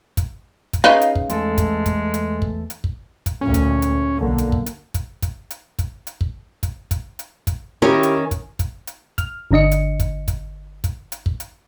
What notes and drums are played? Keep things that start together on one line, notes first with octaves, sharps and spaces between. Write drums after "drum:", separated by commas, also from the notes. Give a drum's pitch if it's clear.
drum: kick, hi-hat
drum: kick, hi-hat
C#3 D#4 B4 D#5 F5 A#5
drum: hi-hat
drum: kick
E2 G#3 A3 A4, drum: hi-hat
drum: kick, hi-hat
drum: kick, hi-hat
drum: hi-hat
drum: kick
drum: hi-hat
drum: kick
drum: kick, hi-hat
D2 A#2 C#4
drum: kick, hi-hat
drum: hi-hat
B1 D3 A#3
drum: hi-hat
drum: kick
drum: hi-hat
drum: kick, hi-hat
drum: kick, hi-hat
drum: hi-hat
drum: kick, hi-hat
drum: hi-hat
drum: kick
drum: kick, hi-hat
drum: kick, hi-hat
drum: hi-hat
drum: kick, hi-hat
D#3 C#4 E4 G4 A#4 C#5
drum: hi-hat
drum: kick, hi-hat
drum: kick, hi-hat
drum: hi-hat
F6, drum: kick, hi-hat
G1 D3 D4 D#5 C#7
drum: hi-hat
drum: kick, hi-hat
drum: kick, hi-hat
drum: kick, hi-hat
drum: hi-hat
drum: kick
drum: hi-hat